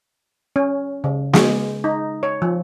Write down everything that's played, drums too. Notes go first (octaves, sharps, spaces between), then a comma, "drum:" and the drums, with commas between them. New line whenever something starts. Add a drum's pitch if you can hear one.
C#4
C#3
G#3, drum: snare
D#4
C#5
F3